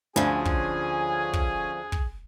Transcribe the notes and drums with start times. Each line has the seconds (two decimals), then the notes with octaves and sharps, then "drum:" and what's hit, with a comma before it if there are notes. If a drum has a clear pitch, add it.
0.16 D2 D3 F3 C#4 G#4 G#5
0.45 drum: kick
1.33 drum: kick
1.92 drum: kick